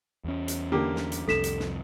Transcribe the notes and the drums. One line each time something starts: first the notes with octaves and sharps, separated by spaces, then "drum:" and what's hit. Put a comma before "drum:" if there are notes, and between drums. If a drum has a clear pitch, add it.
E2 C#4
drum: hi-hat
D3 A#3 G4
drum: snare
drum: hi-hat
C2 F2 A4 B6 E7, drum: snare
drum: hi-hat
drum: snare